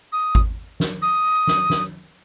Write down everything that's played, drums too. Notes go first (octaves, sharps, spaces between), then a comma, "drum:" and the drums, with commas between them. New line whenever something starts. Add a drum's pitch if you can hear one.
D#6
drum: kick G#1
drum: snare
D#6
drum: snare
drum: snare